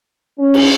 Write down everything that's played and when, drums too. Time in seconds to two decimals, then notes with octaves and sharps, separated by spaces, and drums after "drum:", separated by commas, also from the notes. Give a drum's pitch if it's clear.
0.39 C#4
0.54 drum: cymbal